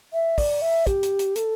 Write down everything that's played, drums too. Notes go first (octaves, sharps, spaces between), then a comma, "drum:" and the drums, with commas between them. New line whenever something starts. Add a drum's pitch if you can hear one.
E5
D5, drum: kick, open hi-hat
E5
G4, drum: kick, hi-hat
drum: hi-hat
drum: hi-hat
A4, drum: hi-hat